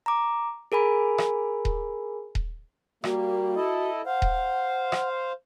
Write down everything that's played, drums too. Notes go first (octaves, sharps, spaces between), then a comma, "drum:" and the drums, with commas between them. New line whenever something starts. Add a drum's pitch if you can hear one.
A#5 D6
G#4 A#4 G#5 B5
drum: rim click
drum: kick D#1
drum: kick D#1
G3 A#3 F#4, drum: rim click
E4 A4 D#5
C5 F5 F#5
drum: kick D#1
drum: rim click